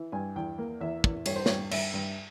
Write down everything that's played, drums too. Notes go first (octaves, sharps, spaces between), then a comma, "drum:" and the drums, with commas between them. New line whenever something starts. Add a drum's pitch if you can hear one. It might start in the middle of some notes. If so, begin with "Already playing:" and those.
Already playing: E3
G2 G#5
E2 G5
A#3
E2 E5
E2, drum: kick
G2 C#5, drum: cymbal
C5
G2 C#5, drum: snare
G2 E5, drum: cymbal
G2